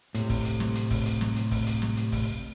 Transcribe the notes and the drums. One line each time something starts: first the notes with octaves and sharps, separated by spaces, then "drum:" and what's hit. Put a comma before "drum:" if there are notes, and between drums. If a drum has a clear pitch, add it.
A2 C3, drum: hi-hat
drum: kick, open hi-hat
drum: hi-hat
drum: snare
drum: hi-hat
drum: kick, open hi-hat
drum: hi-hat
drum: snare
drum: hi-hat
drum: kick, open hi-hat
drum: hi-hat
drum: snare
drum: hi-hat
drum: kick, open hi-hat